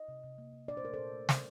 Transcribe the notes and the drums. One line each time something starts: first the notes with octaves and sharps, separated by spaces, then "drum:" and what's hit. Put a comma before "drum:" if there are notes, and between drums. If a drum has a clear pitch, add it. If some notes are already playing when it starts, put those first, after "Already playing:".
Already playing: D#5
C3
C3
A#3
C3
A#2 D5
C5
A3 A#4
A#2 A4 C5
A3
D#3, drum: snare